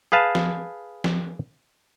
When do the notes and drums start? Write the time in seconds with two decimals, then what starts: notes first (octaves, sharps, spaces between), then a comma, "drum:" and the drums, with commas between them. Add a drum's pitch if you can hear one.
0.12 G#4 B4 F5 A5
0.35 drum: snare F3
1.04 drum: snare F3